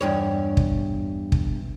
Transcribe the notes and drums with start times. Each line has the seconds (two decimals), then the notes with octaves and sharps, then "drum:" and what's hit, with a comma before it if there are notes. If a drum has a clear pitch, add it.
0.01 E2 G2 C#5
0.57 drum: kick
1.32 drum: kick